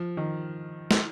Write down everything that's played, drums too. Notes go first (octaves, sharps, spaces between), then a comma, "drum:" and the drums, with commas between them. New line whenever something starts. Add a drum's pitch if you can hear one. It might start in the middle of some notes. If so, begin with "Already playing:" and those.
Already playing: F3
D#3
drum: snare